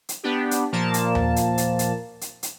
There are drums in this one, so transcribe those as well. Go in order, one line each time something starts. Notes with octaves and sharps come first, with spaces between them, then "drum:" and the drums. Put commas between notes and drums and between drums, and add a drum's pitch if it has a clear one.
drum: hi-hat
B3 D4 G4
drum: hi-hat
A#2 F3 A#3 A5
drum: hi-hat
drum: tom D#2
drum: hi-hat
drum: hi-hat
drum: hi-hat
drum: hi-hat
drum: hi-hat